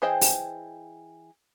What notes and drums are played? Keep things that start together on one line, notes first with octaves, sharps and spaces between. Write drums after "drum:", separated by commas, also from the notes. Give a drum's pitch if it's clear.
E3 G#4 C5 D#5 G5
drum: open hi-hat